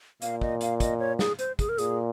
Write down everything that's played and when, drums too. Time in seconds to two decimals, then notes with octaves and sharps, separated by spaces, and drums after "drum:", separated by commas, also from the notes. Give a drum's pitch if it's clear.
0.22 A#2 F5, drum: hi-hat
0.41 D#5, drum: kick
0.61 F5, drum: hi-hat
0.80 D#5, drum: kick, hi-hat
0.99 C#5
1.19 G#4, drum: snare
1.39 C5, drum: hi-hat
1.59 G#4, drum: kick, hi-hat
1.69 A#4
1.78 A#2 G#4, drum: hi-hat